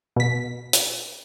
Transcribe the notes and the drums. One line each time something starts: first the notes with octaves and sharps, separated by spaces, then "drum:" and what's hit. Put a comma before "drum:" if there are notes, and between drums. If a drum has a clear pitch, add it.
B2 B6
drum: hi-hat